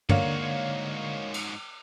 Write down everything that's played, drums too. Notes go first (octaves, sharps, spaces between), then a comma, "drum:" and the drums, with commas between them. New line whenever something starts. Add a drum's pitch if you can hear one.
G#2 D3 A#3 F#4 C#5 D5 F5, drum: tom
drum: cymbal